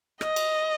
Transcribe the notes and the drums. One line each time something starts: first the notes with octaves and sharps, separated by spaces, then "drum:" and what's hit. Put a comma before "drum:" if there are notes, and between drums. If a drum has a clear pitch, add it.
D#5, drum: rim click
drum: cymbal